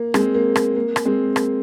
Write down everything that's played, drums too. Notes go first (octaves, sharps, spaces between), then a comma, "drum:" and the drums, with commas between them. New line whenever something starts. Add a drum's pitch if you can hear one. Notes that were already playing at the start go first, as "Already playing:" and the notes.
Already playing: A#3
G#3 C4, drum: rim click
A#3
A#3, drum: rim click
A#3
drum: rim click
G#3 C4
A#3, drum: rim click